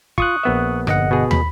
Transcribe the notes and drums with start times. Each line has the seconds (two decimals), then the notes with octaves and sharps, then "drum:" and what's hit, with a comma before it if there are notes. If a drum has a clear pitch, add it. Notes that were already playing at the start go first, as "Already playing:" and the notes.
0.18 F4 C#6 D#6 F#6, drum: kick
0.43 A#1 B3 E5
0.87 G1 D#5 F#5, drum: rim click
1.11 B2 G#4
1.31 B5, drum: tom